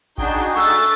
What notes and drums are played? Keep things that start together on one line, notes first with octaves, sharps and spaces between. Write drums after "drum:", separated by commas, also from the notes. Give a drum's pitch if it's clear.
D4 D#4 F#4 G#4 G5, drum: kick A1
A3 D4 C#6 E6 F#6 A6